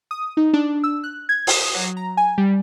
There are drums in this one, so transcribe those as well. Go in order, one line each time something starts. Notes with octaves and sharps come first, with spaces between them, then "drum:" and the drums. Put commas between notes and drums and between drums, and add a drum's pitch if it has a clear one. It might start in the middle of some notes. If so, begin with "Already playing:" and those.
D#6
D#4
D4
E6
F#6
G#6
D#6, drum: open hi-hat
F#3
A#5
G#5
G3